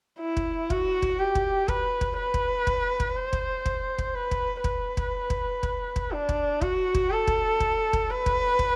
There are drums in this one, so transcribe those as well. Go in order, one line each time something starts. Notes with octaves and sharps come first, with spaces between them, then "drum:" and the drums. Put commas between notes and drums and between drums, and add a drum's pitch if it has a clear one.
E4
drum: kick
F#4, drum: kick
drum: kick
G4
drum: kick
B4, drum: kick
drum: kick
B4
drum: kick
drum: kick
drum: kick
C5
drum: kick
drum: kick
drum: kick
B4
drum: kick
B4, drum: kick
drum: kick
drum: kick
drum: kick
drum: kick
D4
drum: kick
F#4, drum: kick
drum: kick
A4
drum: kick
drum: kick
drum: kick
B4
drum: kick
drum: kick